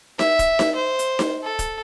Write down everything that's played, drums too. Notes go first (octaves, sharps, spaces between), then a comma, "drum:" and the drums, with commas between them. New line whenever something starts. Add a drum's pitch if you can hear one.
E5, drum: snare D#4
drum: kick, hi-hat
drum: snare D#4
C5
drum: hi-hat
drum: snare D#4
A4
drum: kick, hi-hat